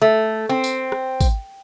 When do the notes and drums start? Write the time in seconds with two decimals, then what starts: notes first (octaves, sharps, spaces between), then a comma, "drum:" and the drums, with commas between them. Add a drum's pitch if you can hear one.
0.02 A3
0.49 C4
0.64 drum: tambourine
0.92 drum: rim click
1.21 drum: kick G#1, tambourine